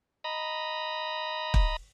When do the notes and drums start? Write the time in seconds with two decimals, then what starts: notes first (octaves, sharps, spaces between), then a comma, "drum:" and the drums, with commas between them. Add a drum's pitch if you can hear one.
0.24 D#5 A#5 B5
1.54 drum: kick